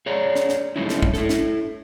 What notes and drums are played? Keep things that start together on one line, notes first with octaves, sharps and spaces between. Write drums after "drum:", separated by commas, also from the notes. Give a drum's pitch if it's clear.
G#4 C#5 D5 A#5
drum: snare
drum: snare
G3 A3 C#4 D#4 E4
drum: snare
drum: kick
E4 A4, drum: snare
drum: snare